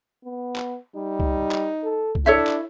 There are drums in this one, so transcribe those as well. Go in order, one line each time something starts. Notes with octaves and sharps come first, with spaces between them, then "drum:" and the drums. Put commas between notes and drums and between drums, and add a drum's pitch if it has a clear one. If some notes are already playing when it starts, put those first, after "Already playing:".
B3
drum: clap
G3 D#4
drum: kick
drum: clap
A4
drum: kick
D4 E4 A4 C#5 E5
drum: clap